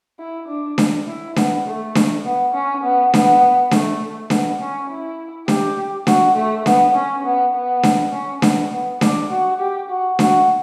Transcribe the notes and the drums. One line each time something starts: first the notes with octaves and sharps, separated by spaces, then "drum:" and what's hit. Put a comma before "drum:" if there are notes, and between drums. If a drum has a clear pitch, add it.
E4
D4
drum: snare D4
E4
B3, drum: snare D4
A3
drum: snare D4
B3
C#4
B3
B3, drum: snare D4
A3, drum: snare D4
B3, drum: snare D4
C#4
E4
G4, drum: snare D4
F#4, drum: snare D4
A3
B3, drum: snare D4
C#4
B3
B3
drum: snare D4
C#4
B3, drum: snare D4
B3
D4, drum: snare D4
F#4
G4
F#4
F#4, drum: snare D4